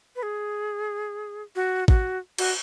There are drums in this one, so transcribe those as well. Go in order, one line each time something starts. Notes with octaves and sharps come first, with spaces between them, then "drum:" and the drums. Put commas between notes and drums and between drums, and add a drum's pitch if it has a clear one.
B4
G#4
F#4
F#4, drum: kick A1
F#4, drum: cymbal